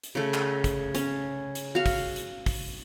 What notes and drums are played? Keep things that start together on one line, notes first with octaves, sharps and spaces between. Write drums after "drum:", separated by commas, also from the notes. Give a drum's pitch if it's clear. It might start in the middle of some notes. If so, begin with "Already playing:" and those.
drum: hi-hat
C#3 A3
drum: clap
drum: kick, hi-hat
C#4, drum: hi-hat
drum: hi-hat
F#4 F5
drum: kick, open hi-hat
drum: hi-hat
drum: kick, open hi-hat